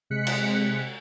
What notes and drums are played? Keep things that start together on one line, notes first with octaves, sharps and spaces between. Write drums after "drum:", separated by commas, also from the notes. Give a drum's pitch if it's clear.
C3 G#3 F#6 B6 C#7
drum: cymbal